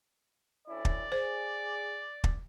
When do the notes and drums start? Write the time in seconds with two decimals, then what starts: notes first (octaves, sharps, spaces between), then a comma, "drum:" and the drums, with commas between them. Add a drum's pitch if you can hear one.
0.67 D2 C#4 E4 D5
0.85 drum: kick
1.12 G#4 C5
2.24 drum: kick